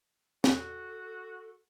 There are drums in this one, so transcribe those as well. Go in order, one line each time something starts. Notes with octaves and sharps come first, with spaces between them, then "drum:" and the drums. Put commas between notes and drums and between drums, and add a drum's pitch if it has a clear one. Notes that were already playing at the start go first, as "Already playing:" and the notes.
F#4 A4, drum: snare